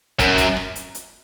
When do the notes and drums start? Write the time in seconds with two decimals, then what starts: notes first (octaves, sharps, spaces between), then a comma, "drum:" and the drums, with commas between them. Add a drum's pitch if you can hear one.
0.19 F#2, drum: kick, hi-hat
0.38 drum: kick, hi-hat
0.57 drum: rim click
0.76 drum: hi-hat
0.95 drum: hi-hat